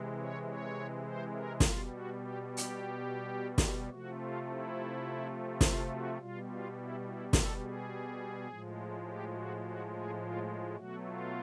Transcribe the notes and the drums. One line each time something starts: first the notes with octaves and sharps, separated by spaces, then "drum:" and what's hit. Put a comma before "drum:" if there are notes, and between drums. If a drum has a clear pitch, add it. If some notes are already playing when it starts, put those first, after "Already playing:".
Already playing: C3 E3 G#3
C#5
C#5
C5
A#4
B2 G3 F4, drum: snare
F#4
G4
G4
drum: hi-hat
drum: snare
C3 F3 A3 F#4
F4
E4
F4, drum: snare
F#4
B2 G3 F4
F4
E4
E4
A4, drum: snare
G#4
A2 F3 G#3
G4
F#4
F#4
G#4
F4
B2 F#3 A3 F#4
F4